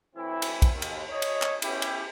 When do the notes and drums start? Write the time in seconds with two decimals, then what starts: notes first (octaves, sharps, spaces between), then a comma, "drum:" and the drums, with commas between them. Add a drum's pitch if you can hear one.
0.16 D2 A2 E3 C4 E4
0.42 drum: cymbal
0.62 drum: kick, cymbal
0.73 D#2
0.82 drum: cymbal
1.10 C#5 D#5
1.22 drum: cymbal
1.42 drum: clap
1.62 B3 C#4 E4 G4, drum: cymbal
1.82 drum: cymbal